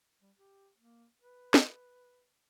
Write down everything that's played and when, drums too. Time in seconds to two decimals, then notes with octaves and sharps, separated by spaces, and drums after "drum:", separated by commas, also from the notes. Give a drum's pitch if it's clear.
0.22 G3
0.37 G4
0.78 A#3
1.22 B4
1.54 drum: snare